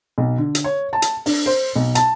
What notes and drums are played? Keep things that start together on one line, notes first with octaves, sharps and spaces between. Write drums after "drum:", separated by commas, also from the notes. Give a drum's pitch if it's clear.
B1
D3
drum: hi-hat
C#5
A5
drum: hi-hat
D4, drum: open hi-hat
C5
B1
A5, drum: hi-hat